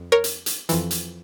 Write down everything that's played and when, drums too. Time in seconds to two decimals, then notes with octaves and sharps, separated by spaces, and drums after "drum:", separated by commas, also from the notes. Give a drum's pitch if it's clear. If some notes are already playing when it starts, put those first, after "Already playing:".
Already playing: F2
0.12 A#4 C#5
0.24 drum: hi-hat
0.46 drum: hi-hat
0.69 F2 E3, drum: hi-hat
0.91 drum: hi-hat